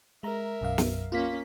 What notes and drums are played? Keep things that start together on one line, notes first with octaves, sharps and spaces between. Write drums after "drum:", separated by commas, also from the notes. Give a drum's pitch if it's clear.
G#3 A#4 E5 A#5
B1 F#2 F5
drum: snare
A#3 C#4 F4 B6